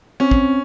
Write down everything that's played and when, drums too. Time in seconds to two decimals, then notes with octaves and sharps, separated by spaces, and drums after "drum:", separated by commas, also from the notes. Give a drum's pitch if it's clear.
0.20 C4 C#4
0.31 drum: kick